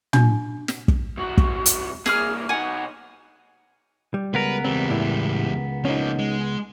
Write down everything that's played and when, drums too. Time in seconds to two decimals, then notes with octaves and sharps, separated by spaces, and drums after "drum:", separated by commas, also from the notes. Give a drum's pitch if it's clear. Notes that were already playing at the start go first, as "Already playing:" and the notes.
0.13 D4, drum: tom
0.68 drum: snare
0.88 drum: kick
1.17 C2 F#4
1.38 drum: kick
1.66 drum: hi-hat
2.06 C2 A#3 G#4 D#6 F6, drum: snare
2.49 B2 D#4 F#5 G#5
4.14 G3
4.34 C#2 B3 A#4 B4
4.64 E2 G3 C4
4.90 A2 E4
5.85 F3 A#3 C#4 D#4
6.19 G#3